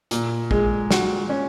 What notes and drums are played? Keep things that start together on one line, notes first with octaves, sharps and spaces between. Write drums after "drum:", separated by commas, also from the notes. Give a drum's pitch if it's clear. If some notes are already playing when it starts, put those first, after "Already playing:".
A#2, drum: hi-hat
G#3, drum: kick
F#4, drum: snare
C#4